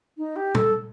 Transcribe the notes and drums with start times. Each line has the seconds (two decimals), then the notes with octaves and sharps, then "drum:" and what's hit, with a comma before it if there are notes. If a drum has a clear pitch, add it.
0.17 D#4
0.36 G4
0.55 A4, drum: tom